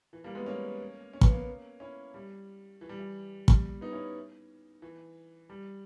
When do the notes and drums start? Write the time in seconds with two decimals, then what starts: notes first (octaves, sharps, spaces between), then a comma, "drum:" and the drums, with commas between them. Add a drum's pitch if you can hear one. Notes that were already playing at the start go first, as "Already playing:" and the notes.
0.13 E3
0.24 G3 A#3
0.35 G#3 B3
0.46 A#3 C#4
1.13 C#4
1.21 B3, drum: kick
1.30 A#3 C#4
1.80 C#4 E4
2.14 G3
2.81 E3
2.89 G3
2.99 E3
3.48 G3, drum: kick
3.81 B3 D#4
3.92 C#4 E4
4.82 E3
5.49 G3